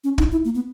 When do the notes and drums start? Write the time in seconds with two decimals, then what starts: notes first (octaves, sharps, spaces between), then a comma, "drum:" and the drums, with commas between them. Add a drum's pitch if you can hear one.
0.04 C#4
0.18 D#4, drum: kick
0.31 E4
0.45 A#3
0.54 B3